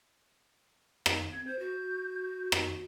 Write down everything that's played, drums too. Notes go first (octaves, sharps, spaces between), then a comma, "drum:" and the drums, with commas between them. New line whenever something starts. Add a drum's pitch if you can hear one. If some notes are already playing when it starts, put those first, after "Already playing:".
F5, drum: rim click
C4 G#6
C5 G6
F#4
drum: rim click